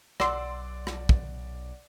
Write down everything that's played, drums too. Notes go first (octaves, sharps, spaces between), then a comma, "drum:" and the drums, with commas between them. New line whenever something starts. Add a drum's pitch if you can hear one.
B1 D5 F#5 C6 E6, drum: rim click
drum: rim click
drum: kick